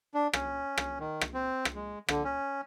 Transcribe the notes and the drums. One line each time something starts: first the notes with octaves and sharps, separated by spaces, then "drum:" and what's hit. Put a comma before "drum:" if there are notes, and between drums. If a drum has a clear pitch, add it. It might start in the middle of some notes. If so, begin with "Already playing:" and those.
D4
C#4, drum: rim click
drum: rim click
D#3
drum: rim click
C4
drum: rim click
G#3
D3, drum: rim click
C#4